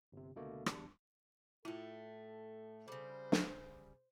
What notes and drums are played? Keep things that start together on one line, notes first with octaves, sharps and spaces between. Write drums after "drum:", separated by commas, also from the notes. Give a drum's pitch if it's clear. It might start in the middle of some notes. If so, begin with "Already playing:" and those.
G1 C3
C#2 B2 D3 A3 A#3
E2 G3 D4 C#7, drum: rim click
A2 A3 E4 F4 A4
C#3 G3 C5
drum: snare